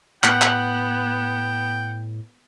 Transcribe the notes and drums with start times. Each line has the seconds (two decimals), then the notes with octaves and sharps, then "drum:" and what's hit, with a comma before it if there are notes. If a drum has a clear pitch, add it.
0.24 A2 B3 F#5 G5, drum: clap
0.41 drum: clap